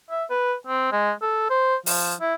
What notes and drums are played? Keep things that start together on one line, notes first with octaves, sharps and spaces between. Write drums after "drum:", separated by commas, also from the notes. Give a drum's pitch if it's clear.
E5
B4
C4
G#3
A4
C5
F3, drum: open hi-hat
E4